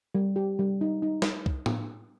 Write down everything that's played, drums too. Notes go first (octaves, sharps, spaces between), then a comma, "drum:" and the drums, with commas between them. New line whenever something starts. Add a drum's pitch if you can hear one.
G3
G4
G3
D#4
D#4
drum: snare
drum: kick C2
drum: tom